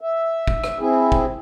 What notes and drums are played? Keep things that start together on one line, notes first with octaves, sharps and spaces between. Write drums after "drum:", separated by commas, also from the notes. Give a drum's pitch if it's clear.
E5
drum: kick
drum: rim click
C4 E4 G#4
drum: kick